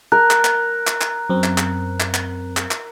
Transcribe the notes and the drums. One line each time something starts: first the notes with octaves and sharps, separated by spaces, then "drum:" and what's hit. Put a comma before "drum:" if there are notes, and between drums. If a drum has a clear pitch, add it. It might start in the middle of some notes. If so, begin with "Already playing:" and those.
A#4 F#6
drum: clap
drum: clap
drum: clap
drum: clap
F#2 C4
drum: clap
drum: clap
drum: clap
drum: clap
drum: clap
drum: clap